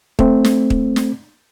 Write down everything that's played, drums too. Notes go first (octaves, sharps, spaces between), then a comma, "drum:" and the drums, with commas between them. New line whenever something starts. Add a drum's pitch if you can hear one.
A3 C4, drum: kick
drum: snare
drum: kick
drum: snare